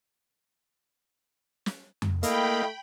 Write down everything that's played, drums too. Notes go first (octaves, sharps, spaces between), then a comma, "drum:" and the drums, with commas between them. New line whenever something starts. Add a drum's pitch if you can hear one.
drum: snare
drum: tom F2
A3 A#3 E4 D#5 F5 G5 B5, drum: hi-hat